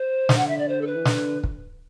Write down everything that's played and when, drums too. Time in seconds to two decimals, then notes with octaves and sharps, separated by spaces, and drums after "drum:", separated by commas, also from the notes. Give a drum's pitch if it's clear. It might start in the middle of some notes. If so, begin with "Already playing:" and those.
Already playing: C5
0.29 D3, drum: snare
0.37 F#5
0.47 E5
0.57 D5
0.68 C5
0.81 A4
0.86 B4
0.95 E3
1.05 D3, drum: snare
1.44 drum: kick